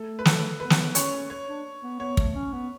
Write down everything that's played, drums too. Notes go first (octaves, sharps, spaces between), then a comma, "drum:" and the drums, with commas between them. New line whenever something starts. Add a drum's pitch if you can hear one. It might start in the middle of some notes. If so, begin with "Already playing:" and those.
Already playing: A3 A4
B4
A4, drum: snare
B3 B4
drum: snare
C#4 C#5, drum: hi-hat
C#5
D4
B3
B3 C#5
A3, drum: kick
C#4
B3